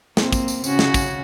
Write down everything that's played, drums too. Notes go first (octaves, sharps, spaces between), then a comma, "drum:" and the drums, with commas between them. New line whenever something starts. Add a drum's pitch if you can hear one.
A#3 C4, drum: snare
drum: kick, tambourine
drum: tambourine
C#3 C#4 F#4, drum: tambourine
drum: snare
drum: kick, tambourine